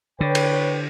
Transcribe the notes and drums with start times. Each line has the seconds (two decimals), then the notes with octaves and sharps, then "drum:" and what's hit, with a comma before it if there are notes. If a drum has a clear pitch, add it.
0.21 D3 B4 C#5 G5
0.35 drum: cymbal